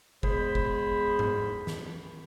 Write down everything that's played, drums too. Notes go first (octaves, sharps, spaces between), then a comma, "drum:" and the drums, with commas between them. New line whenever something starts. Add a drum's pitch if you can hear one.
E2 G#3 G#4 C5 B5, drum: kick F1
drum: kick F1
drum: tom G#2
drum: snare